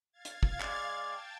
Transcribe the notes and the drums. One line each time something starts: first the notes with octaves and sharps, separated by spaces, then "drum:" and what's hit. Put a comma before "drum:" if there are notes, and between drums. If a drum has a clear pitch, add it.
F5 G#6 A6
drum: hi-hat
drum: kick
G#3 D5 D6, drum: clap
G5 A5